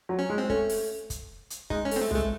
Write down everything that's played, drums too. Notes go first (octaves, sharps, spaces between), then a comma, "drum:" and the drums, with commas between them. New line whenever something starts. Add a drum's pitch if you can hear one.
F#3
C#4
G#3
C4
A3 C#4, drum: kick
drum: open hi-hat
drum: kick, hi-hat
drum: hi-hat
G#3 D#4, drum: kick
C#4
A3, drum: open hi-hat
C4
A3
G#3, drum: tom A#1
A3